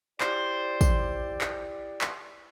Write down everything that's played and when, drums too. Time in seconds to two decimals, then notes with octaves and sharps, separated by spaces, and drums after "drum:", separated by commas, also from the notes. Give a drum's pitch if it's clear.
0.21 E4 G4 C5 D5, drum: clap
0.81 drum: kick, tambourine
1.41 drum: clap
2.01 drum: clap